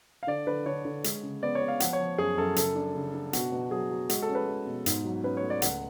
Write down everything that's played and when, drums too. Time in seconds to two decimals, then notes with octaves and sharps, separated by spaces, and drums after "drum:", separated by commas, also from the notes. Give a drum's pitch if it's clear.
0.23 F5
0.27 D3 D5
0.47 D3 B4
0.66 D3 C#5
0.85 D3
1.04 G#3, drum: hi-hat
1.23 C#3
1.43 B3 D5
1.55 C#5
1.62 B3
1.68 F5
1.80 F3 F#5, drum: hi-hat
1.93 C#5
1.99 F3
2.18 F#2 G#4
2.37 F#2 A4
2.56 C#3 A4, drum: hi-hat
2.75 D4
2.95 C#3
3.14 D4
3.33 B2 F#4, drum: hi-hat
3.52 B2
3.71 F#3 G#4
3.91 F#3
4.09 G#3 F#4, drum: hi-hat
4.22 A4
4.29 C#4
4.35 B4
4.48 G#3
4.67 B2
4.86 G#2, drum: hi-hat
5.05 F#3
5.24 C#4 B4
5.37 C#5
5.43 A3
5.50 D5
5.62 C#2 F#5, drum: hi-hat